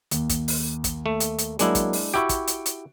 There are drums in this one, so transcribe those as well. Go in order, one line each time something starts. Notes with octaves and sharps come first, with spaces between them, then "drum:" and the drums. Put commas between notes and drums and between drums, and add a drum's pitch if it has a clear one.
D#2, drum: hi-hat
drum: kick, hi-hat
drum: open hi-hat
drum: kick, hi-hat
A3
drum: hi-hat
drum: hi-hat
F#3 G#3 A#3 D4 E4, drum: hi-hat
drum: kick, hi-hat
drum: open hi-hat
E4 F#4 G4 C#6 D7
drum: kick, hi-hat
drum: hi-hat
drum: hi-hat